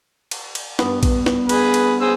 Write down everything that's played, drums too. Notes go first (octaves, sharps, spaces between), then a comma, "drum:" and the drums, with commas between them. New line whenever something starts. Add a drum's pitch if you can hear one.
drum: cymbal
drum: cymbal
G2 B3, drum: snare
drum: kick A#1, cymbal
drum: snare
G#4 B4, drum: cymbal
drum: cymbal
G#4 C5 E6